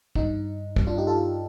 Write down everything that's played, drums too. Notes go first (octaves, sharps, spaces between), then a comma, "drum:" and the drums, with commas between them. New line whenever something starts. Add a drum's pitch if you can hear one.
G2 D3 D#4, drum: kick
G2 D3, drum: kick
D4 F4
D#4 G4
F4 A4